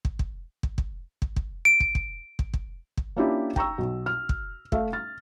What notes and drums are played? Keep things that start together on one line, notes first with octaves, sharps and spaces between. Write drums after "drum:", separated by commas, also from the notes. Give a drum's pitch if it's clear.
drum: kick
drum: kick
drum: kick
drum: kick
drum: kick
drum: kick
D7
drum: kick
drum: kick
drum: kick
drum: kick
drum: kick
A#3 C#4 D4 E4 F4 G4
G5 A#5 C#6 E6, drum: kick
B1
F6
drum: kick
A3 E5 F5, drum: kick
F6 A6